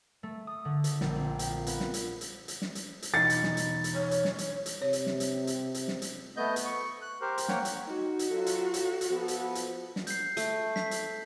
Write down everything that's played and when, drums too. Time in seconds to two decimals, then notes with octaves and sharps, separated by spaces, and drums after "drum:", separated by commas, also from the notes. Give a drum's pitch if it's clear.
0.23 A3
0.47 D#6
0.65 D3
0.84 A4, drum: hi-hat
1.01 A#1, drum: snare
1.16 C4
1.39 drum: hi-hat
1.50 F4
1.67 B3, drum: hi-hat
1.80 drum: snare
1.94 drum: hi-hat
2.21 drum: hi-hat
2.48 drum: hi-hat
2.62 drum: snare
2.75 drum: hi-hat
3.02 drum: hi-hat
3.14 E2 B2 D#4 A6 C#7
3.30 drum: hi-hat
3.43 drum: snare
3.57 drum: hi-hat
3.84 drum: hi-hat
3.94 C#5
4.11 drum: hi-hat
4.25 drum: snare
4.38 drum: hi-hat
4.66 drum: hi-hat
4.82 C3 C#5
4.93 drum: hi-hat
5.06 drum: snare
5.20 drum: hi-hat
5.47 drum: hi-hat
5.74 drum: hi-hat
5.88 drum: snare
6.02 drum: hi-hat
6.37 A3 B3 D#5 G6
6.56 drum: hi-hat
6.66 C#6
7.02 F#6
7.21 G4 A#4 C5
7.38 drum: hi-hat
7.48 A#3 C#5 F#5 G5, drum: snare
7.65 drum: hi-hat
7.87 D#4 F#4
8.19 drum: hi-hat
8.30 F#3 F4 A4
8.46 drum: hi-hat
8.74 drum: hi-hat
9.01 drum: hi-hat
9.10 F3 B3 A4
9.28 drum: hi-hat
9.55 drum: hi-hat
9.96 drum: snare
10.07 G6 C7, drum: hi-hat
10.37 A3, drum: hi-hat
10.76 B6, drum: snare
10.91 drum: hi-hat